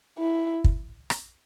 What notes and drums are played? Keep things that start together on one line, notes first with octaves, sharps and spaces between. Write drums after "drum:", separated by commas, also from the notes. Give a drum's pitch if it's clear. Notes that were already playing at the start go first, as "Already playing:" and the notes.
E4
drum: kick
drum: rim click